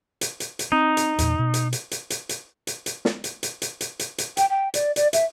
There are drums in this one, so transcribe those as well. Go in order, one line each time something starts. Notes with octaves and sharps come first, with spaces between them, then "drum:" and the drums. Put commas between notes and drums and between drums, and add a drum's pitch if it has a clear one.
drum: hi-hat
drum: hi-hat
drum: hi-hat
C4 D#4
drum: hi-hat
E2 A#2, drum: hi-hat
B2
drum: hi-hat
drum: hi-hat
drum: hi-hat
drum: hi-hat
drum: hi-hat
drum: hi-hat
drum: hi-hat
drum: snare
drum: hi-hat
drum: hi-hat
drum: hi-hat
drum: hi-hat
drum: hi-hat
drum: hi-hat
G5, drum: hi-hat
G5
D5, drum: hi-hat
D5, drum: hi-hat
E5, drum: hi-hat